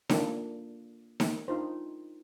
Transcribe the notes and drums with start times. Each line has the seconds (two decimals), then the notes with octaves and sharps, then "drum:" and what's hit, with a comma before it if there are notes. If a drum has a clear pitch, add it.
0.09 A#3 D4 F4, drum: snare D#4
1.20 drum: snare D#4
1.48 D4 D#4 F4 C5